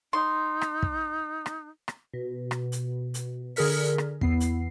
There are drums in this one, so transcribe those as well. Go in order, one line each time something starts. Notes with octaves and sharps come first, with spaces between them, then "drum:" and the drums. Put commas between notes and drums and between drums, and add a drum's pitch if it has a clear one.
D#4 C6
drum: rim click
drum: kick
drum: rim click
drum: rim click
B2
drum: rim click
drum: hi-hat
drum: hi-hat
D3 G#4 A#4 F6 B6, drum: open hi-hat
drum: rim click
E2 B3 C7, drum: kick
drum: hi-hat